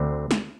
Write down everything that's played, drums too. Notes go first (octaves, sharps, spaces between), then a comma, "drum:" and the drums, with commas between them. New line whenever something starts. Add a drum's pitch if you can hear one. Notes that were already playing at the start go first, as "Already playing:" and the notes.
Already playing: D2 D3 C4
drum: snare